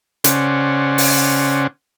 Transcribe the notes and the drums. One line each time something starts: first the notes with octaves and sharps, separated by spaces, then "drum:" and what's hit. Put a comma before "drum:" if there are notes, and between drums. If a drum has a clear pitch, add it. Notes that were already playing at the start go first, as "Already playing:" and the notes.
C#3 C#4 C5 D5 F#5, drum: hi-hat
drum: open hi-hat